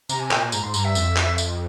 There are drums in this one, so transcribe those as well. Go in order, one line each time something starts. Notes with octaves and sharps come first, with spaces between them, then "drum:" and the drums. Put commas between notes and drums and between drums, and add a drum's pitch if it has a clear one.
C3 A#5, drum: tambourine
G#5
A#2 G5, drum: clap
G#5
G#2 A#5, drum: tambourine
G#2 C6
G2 A#5, drum: tambourine
E5
F2, drum: tambourine
drum: clap
drum: tambourine